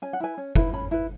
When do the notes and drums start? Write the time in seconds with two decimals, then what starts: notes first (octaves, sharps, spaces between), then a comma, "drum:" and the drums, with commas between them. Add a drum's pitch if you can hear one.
0.02 C#4 G#5
0.13 F#5
0.20 E4 B4 G#5
0.37 C#4
0.55 E4 B4, drum: kick
0.73 C#4 B5
0.91 E4 B4